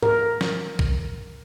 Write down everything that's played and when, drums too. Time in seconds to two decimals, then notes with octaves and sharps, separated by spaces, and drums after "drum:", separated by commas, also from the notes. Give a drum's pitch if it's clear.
0.03 A#4, drum: tom G#2
0.41 drum: snare
0.79 drum: kick